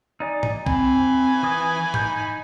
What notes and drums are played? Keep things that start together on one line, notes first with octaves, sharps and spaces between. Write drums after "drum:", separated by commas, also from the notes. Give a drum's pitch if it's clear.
D#4 D5 G#5
drum: tom G#2
C4 G#5 B5, drum: kick B1
E3 D#6
D#4 G6, drum: tom G#2